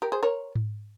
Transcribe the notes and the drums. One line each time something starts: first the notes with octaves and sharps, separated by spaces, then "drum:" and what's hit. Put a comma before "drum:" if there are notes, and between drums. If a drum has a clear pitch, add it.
G4 A#4
G#4 C5
A#4 C#5
drum: tom G#2